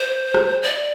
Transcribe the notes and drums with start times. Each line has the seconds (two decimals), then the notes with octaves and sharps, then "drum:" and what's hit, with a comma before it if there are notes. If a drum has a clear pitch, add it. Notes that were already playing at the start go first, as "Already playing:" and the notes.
Already playing: C5
0.34 drum: rim click
0.63 D5